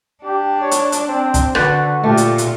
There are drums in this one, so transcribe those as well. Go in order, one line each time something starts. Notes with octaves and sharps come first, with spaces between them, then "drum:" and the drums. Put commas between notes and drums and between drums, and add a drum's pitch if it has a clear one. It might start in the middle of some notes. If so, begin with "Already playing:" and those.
D4 G4
C#5
drum: hi-hat
drum: hi-hat
C4
drum: kick, hi-hat
D3 F#4 B4 C5 D5, drum: rim click
A#2 A3 F4 G4
drum: hi-hat
drum: hi-hat